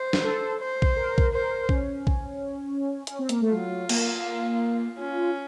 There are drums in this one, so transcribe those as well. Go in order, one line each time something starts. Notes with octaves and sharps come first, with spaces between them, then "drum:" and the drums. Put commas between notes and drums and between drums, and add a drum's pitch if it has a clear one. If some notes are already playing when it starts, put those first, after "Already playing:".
Already playing: C5
drum: snare
A4
C5
drum: kick A#1
A#4
drum: kick A#1
A#4 C5
C#4, drum: kick A#1
drum: kick A#1
C#4, drum: hi-hat
C4
A#3, drum: hi-hat
A3
F#3 F4
A#3, drum: cymbal
C#4 F4